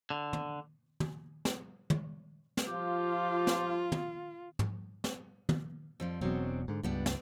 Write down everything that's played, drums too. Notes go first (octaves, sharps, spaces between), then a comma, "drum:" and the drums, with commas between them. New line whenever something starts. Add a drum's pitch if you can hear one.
D3
drum: tom
drum: tom
drum: snare
drum: tom
drum: snare
F3 F4 G4
drum: snare
drum: tom
drum: tom
drum: snare
drum: tom
F2 F3 G3
E1 E2 B2 F#3 C4 D4
G#2 D3
C#2 G2 G3 B3 D4
drum: snare